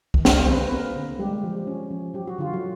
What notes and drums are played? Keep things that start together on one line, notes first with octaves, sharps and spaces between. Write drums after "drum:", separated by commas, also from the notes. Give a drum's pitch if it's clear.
drum: kick C2
G3 A#3 A#4, drum: snare
C5
D3 B3 B4
B4
A#3 C4 A#4
D3
G3 G#3 G4
F3
C#4
F3
F#3 G4
F#4
D3 F4
F#3 F#4